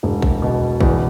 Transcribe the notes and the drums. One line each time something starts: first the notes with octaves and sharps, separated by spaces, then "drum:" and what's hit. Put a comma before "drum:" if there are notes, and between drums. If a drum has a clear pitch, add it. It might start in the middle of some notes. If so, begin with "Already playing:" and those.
E1
drum: kick A#1
B2
E2, drum: kick A#1